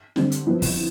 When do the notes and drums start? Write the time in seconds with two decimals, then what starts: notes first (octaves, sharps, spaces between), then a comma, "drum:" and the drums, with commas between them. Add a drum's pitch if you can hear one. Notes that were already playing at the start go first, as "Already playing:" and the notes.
0.16 D3 G3 C4, drum: snare
0.32 drum: hi-hat
0.46 F3 B3 E4
0.62 drum: kick, open hi-hat